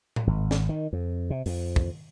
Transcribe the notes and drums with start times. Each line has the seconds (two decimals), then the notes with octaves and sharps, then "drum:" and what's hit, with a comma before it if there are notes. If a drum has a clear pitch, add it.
0.16 drum: tom A2
0.27 G#1
0.51 drum: snare
0.69 D#3
0.93 F2
1.30 C3
1.46 F2, drum: open hi-hat
1.76 drum: kick